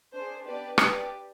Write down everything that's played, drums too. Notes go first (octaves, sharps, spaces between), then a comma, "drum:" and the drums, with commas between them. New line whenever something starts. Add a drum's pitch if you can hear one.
D4 G#4 C5
B3 D4 G4 B4 D5
D4 G4 B4 D5, drum: rim click